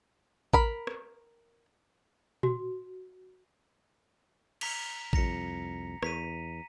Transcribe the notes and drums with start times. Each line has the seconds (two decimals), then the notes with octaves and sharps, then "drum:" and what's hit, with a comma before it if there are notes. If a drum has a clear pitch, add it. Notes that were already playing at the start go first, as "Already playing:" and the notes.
0.53 A#4 B5, drum: kick A1
0.87 drum: rim click
2.43 F#4, drum: tom A#2
4.61 A#5 B6 F7, drum: cymbal
5.13 C2 F2 A#5 A#6 C#7, drum: kick A1
6.03 E2 A#5 B6 D#7, drum: rim click